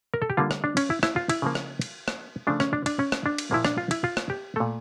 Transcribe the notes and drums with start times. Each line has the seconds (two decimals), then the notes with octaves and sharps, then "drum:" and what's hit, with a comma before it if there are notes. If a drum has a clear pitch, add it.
0.14 A#4
0.22 A4
0.30 G4
0.37 D3 G3 A#3 F4
0.51 drum: rim click
0.64 D4
0.77 C#4, drum: cymbal
0.90 E4
1.03 E4, drum: rim click
1.16 F4
1.29 E4, drum: cymbal
1.42 C#3 F3 A#3
1.55 drum: rim click
1.81 drum: cymbal
2.08 drum: rim click
2.47 C#3 F3 A3 D4
2.60 C#4, drum: rim click
2.73 D4
2.86 D4, drum: cymbal
2.99 C#4
3.12 drum: rim click
3.26 D4
3.38 drum: cymbal
3.51 A#2 F3 A#3 E4
3.65 D4, drum: rim click
3.78 F4
3.91 E4, drum: cymbal
4.04 F4
4.17 drum: rim click
4.30 G4
4.56 A#2 A3 A4